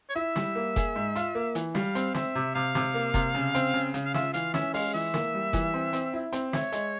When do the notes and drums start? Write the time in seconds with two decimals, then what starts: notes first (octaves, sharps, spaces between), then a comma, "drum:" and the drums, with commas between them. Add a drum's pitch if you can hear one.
0.10 C#5
0.16 E4 E5
0.36 G3, drum: snare
0.55 A#3
0.76 G#4, drum: kick F1, hi-hat
0.96 G#2
1.16 F4, drum: hi-hat
1.35 A#3
1.55 E3, drum: hi-hat
1.75 G3 F5, drum: snare
1.95 C4, drum: hi-hat
2.14 C4 E5, drum: snare
2.35 C3
2.55 C3 F5
2.75 C3, drum: snare
2.94 A#3
3.14 C3, drum: kick F1, hi-hat
3.35 C#3
3.55 C4, drum: hi-hat
3.74 C#3
3.94 C#3, drum: hi-hat
4.05 F5
4.14 F4 E5, drum: snare
4.34 E3 F5, drum: hi-hat
4.54 C#4 E5, drum: snare
4.74 G#3 F5, drum: open hi-hat
4.94 E3 E5
5.14 A#3, drum: snare
5.34 G3
5.53 E3, drum: kick F1, hi-hat
5.74 C4
5.93 C4, drum: hi-hat
6.13 E4
6.32 C4, drum: hi-hat
6.53 C#5 E5, drum: snare
6.72 G#3, drum: hi-hat